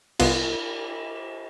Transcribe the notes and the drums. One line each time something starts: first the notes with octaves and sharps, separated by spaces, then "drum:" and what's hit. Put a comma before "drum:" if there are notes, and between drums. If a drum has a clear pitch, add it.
C2 B3 F4, drum: cymbal